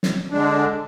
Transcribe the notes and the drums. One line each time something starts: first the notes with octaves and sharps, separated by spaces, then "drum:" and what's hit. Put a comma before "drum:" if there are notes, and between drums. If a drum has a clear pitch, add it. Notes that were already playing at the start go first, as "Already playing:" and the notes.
drum: snare
D3 G#3 D4